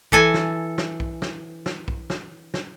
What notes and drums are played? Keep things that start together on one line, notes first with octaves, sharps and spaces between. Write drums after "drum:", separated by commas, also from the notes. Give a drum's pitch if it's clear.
E3 A4 G#5, drum: kick B1
drum: snare
drum: snare
drum: kick B1
drum: snare
drum: snare
drum: kick B1
drum: snare
drum: snare